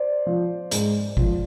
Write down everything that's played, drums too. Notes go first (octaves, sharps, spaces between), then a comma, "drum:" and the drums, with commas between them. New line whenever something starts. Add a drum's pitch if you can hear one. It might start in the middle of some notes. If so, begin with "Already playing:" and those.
Already playing: C5 D5
F3
G#2, drum: hi-hat
F3, drum: kick G#1